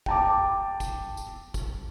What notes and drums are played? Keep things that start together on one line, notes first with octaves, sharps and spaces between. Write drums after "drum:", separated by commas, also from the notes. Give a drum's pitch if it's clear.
G5 A5 D6, drum: kick
drum: kick, tambourine
drum: tambourine
drum: kick, tambourine